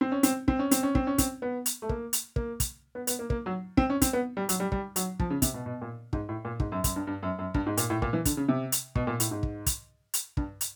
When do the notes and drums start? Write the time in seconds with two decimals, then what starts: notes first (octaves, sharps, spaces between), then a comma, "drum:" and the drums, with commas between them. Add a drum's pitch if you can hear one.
0.01 C4
0.12 C#4
0.23 C4, drum: hi-hat
0.48 C4, drum: kick
0.59 C#4
0.71 C4, drum: hi-hat
0.83 C#4
0.95 C4, drum: kick
1.07 C#4
1.18 C4, drum: kick, hi-hat
1.42 B3
1.66 drum: hi-hat
1.82 A3
1.89 A#3, drum: kick
2.13 drum: hi-hat
2.36 A#3, drum: kick
2.60 drum: kick, hi-hat
2.95 B3
3.07 B3, drum: hi-hat
3.19 A#3
3.30 A#3, drum: kick
3.46 F#3
3.77 C4, drum: kick
3.90 C#4
4.02 C4, drum: kick, hi-hat
4.13 B3
4.37 G3
4.49 F#3, drum: hi-hat
4.60 G3
4.72 G3, drum: kick
4.96 F#3, drum: hi-hat
5.20 F3, drum: kick
5.30 C#3
5.42 C3, drum: kick, hi-hat
5.54 B2
5.66 B2
5.82 A#2
6.13 G#2, drum: kick
6.29 A2
6.45 A#2
6.60 G#2, drum: kick
6.72 F#2
6.84 F#2, drum: kick, hi-hat
6.96 G2
7.07 G2
7.23 F#2
7.39 F#2
7.54 G2, drum: kick
7.66 G#2
7.77 A#2, drum: hi-hat
7.90 A2
8.02 A#2, drum: kick
8.13 E3
8.25 D3, drum: kick, hi-hat
8.37 C#3
8.49 C3
8.72 drum: hi-hat
8.95 B2, drum: kick
9.07 A#2
9.20 A2, drum: hi-hat
9.31 G#2
9.43 drum: kick
9.66 drum: kick, hi-hat
10.14 drum: hi-hat
10.37 G2, drum: kick
10.61 drum: hi-hat